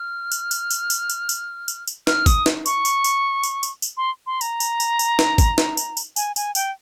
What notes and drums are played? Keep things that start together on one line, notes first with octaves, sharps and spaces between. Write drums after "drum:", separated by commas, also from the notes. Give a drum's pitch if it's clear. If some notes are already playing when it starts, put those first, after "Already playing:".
Already playing: F6
drum: tambourine
drum: tambourine
drum: tambourine
drum: tambourine
drum: tambourine
drum: tambourine
drum: tambourine
drum: tambourine
F6, drum: snare
D#6, drum: kick G#1, tambourine
drum: snare
C#6, drum: tambourine
drum: tambourine
drum: tambourine
drum: tambourine
drum: tambourine
drum: tambourine
C6
C6
A#5, drum: tambourine
drum: tambourine
drum: tambourine
drum: tambourine
drum: snare
drum: kick G#1, tambourine
drum: snare
drum: tambourine
drum: tambourine
G#5, drum: tambourine
G#5, drum: tambourine
G5, drum: tambourine